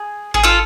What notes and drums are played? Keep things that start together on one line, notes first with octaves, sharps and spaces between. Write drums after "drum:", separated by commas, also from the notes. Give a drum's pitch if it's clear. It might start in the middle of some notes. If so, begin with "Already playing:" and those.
Already playing: G#4
G#4, drum: kick G#1
F4 A4